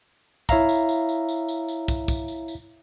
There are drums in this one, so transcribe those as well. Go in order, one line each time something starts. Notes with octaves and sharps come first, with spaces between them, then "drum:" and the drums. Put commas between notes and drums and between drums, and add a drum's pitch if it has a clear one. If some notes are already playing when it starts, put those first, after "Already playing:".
E4 C#5 E5 F5 A#5, drum: kick, tambourine
drum: tambourine
drum: tambourine
drum: tambourine
drum: tambourine
drum: tambourine
drum: tambourine
drum: kick, tambourine
drum: kick, tambourine
drum: tambourine
drum: tambourine